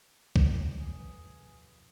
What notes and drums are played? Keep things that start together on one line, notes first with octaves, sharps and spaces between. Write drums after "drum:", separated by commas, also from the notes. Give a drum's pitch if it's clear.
drum: kick
A1 F2 B2 G#4